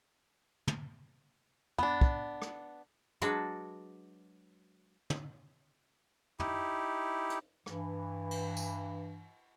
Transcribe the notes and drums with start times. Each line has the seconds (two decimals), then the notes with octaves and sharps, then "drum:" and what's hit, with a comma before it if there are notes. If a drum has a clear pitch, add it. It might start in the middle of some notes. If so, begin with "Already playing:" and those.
0.68 drum: tom
1.78 B3 D4, drum: tom
2.01 drum: kick
2.42 drum: rim click
3.22 F#3 G#3 D4 F#4 A4 B4, drum: hi-hat
5.10 drum: tom
6.39 D#4 E4 G4, drum: tom
7.30 drum: hi-hat
7.66 G2 E3, drum: rim click
8.31 drum: cymbal
8.57 drum: tambourine